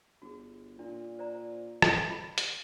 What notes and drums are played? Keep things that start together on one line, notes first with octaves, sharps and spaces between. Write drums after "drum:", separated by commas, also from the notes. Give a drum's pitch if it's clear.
G1 F#4 G#4
A#2 D4
C5 D5 A#5
drum: rim click
B5
drum: hi-hat